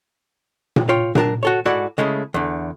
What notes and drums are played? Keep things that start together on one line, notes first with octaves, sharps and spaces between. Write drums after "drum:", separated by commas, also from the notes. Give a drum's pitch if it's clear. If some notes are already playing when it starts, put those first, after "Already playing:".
drum: tom A#2
F4 C#5 G5
F#3 D4 A#4 A5, drum: tom A#2
F#4 A4 C#5
G#2 E4 F#4 A4 D5 F#5
C#3 G#3 A3 E4
E2 D3